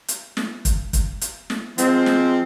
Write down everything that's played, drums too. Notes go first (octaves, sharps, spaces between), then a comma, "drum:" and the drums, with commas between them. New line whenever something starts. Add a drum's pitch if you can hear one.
drum: hi-hat
drum: snare
drum: kick, hi-hat
drum: kick, hi-hat
drum: hi-hat
drum: snare
F3 G#3 C4, drum: hi-hat
drum: snare